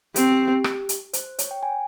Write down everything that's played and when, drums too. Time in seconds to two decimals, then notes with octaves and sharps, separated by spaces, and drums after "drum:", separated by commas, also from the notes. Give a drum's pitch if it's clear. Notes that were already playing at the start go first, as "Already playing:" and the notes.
0.16 C4 G4, drum: hi-hat
0.31 G4
0.48 G4
0.64 drum: rim click
0.89 drum: hi-hat
1.13 C5, drum: hi-hat
1.39 C#5, drum: hi-hat
1.51 G5
1.63 G#5